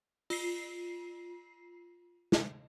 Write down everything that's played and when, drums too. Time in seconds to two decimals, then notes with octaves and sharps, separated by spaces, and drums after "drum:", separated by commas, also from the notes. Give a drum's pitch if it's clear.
0.30 F4 C7, drum: open hi-hat
2.32 drum: snare